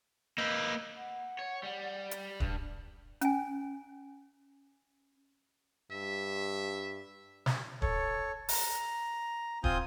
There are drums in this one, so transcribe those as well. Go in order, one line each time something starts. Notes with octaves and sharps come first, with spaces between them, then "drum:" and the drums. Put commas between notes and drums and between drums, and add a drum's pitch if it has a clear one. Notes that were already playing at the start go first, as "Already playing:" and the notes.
A#3 B4 D#5 E6 G6
F#5
C#5
G3
drum: hi-hat
G2, drum: kick
C#4 G#5, drum: hi-hat
G2 E5
drum: snare
A4 C#5, drum: kick
A#5, drum: open hi-hat
C4 F4 G#5 D#6 G6, drum: kick